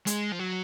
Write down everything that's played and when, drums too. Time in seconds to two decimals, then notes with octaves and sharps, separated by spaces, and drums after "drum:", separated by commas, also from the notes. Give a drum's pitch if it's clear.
0.07 G#3, drum: hi-hat
0.32 F3
0.40 F#3